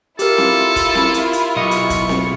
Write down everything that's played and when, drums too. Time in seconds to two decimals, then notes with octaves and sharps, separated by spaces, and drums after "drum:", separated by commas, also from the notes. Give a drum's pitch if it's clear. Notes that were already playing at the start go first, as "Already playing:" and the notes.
0.19 E4 F4 G4 A4 A#4, drum: hi-hat
0.38 drum: snare C4
0.76 drum: kick, hi-hat
0.95 drum: snare C4
1.14 drum: hi-hat
1.33 drum: hi-hat
1.56 B1 D#5 C#6
1.71 drum: hi-hat
1.90 drum: kick, hi-hat
2.09 drum: snare C4